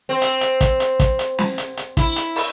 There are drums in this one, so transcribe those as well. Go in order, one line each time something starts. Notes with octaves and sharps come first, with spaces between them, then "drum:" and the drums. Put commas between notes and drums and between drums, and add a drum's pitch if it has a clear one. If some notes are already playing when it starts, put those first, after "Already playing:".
C4
drum: hi-hat
drum: hi-hat
drum: kick, hi-hat
drum: hi-hat
drum: kick, hi-hat
drum: hi-hat
drum: snare
drum: hi-hat
drum: hi-hat
E4, drum: kick, hi-hat
drum: hi-hat
drum: open hi-hat